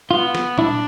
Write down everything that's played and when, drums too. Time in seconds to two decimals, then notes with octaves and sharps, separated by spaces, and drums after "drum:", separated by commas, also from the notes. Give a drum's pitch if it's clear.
0.11 B3 F4
0.35 drum: snare
0.58 D4 E4, drum: tom A#2